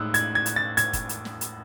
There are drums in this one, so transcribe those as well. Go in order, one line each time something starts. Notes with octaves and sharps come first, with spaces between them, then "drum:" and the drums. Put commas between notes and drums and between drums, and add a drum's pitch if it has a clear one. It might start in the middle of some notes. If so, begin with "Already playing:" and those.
Already playing: A2 G#3 D#4 E6 F#6
G#6, drum: hi-hat
G#6
drum: hi-hat
A6
G#6, drum: hi-hat
drum: kick, hi-hat
drum: hi-hat
drum: snare
drum: hi-hat